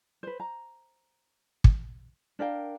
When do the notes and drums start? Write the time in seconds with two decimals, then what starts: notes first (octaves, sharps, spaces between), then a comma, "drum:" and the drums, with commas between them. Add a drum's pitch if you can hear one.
0.23 B4 C5
0.40 A#5
1.64 drum: kick
2.39 D4 A#4 F5 G5